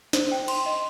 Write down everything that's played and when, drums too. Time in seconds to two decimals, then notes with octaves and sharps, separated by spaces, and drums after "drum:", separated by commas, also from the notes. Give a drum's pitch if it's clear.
0.13 C5, drum: snare
0.32 G5
0.48 C6, drum: cymbal
0.66 D#5